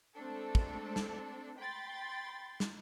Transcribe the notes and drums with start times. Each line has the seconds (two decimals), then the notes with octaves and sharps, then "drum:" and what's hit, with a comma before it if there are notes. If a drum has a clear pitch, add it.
0.16 G#3 A3 C4 D4 A4
0.55 drum: kick
0.96 drum: snare
1.58 G5 B5 C6 A6
2.60 drum: snare